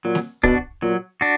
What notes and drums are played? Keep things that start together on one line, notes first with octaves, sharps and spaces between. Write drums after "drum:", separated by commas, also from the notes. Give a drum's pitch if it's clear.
A#2 F#3
drum: snare
B2 D4 F#4, drum: kick
A#2 F#3
D4 F#4